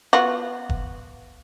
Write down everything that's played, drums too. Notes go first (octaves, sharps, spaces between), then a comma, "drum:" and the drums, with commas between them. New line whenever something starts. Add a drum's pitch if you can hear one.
B3 F4 F#4
drum: kick